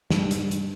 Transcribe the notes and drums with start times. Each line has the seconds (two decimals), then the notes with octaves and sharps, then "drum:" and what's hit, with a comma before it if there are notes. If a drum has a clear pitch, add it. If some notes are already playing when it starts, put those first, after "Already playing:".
0.10 G2, drum: snare
0.31 drum: hi-hat
0.51 drum: hi-hat